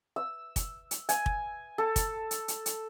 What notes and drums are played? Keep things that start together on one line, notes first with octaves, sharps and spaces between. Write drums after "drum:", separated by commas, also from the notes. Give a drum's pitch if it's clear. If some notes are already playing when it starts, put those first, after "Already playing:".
E6
drum: kick, hi-hat
drum: hi-hat
G#5, drum: hi-hat
drum: kick
A4
drum: kick, hi-hat
drum: hi-hat
drum: hi-hat
drum: hi-hat